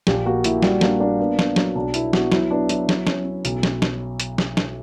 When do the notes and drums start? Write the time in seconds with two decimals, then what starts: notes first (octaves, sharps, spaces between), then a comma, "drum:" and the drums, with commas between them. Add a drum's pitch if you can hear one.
0.07 A#1 G4, drum: snare
0.26 A#3 F#4
0.44 A#2 E4, drum: hi-hat
0.63 G3 F#4, drum: snare
0.81 A#3 D4, drum: snare
1.00 A#3 D4
1.19 B3 D4
1.39 B3, drum: snare
1.56 F#3, drum: snare
1.75 B1 D4
1.94 B3 E4, drum: hi-hat
2.13 B3 F#4, drum: snare
2.32 F#3 E4, drum: snare
2.51 B3 D4
2.69 F#3 E4, drum: hi-hat
2.89 F#3, drum: snare
3.07 C#4, drum: snare
3.25 C#4
3.45 B1, drum: hi-hat
3.63 drum: snare
3.82 drum: snare
4.20 drum: hi-hat
4.38 drum: snare
4.57 drum: snare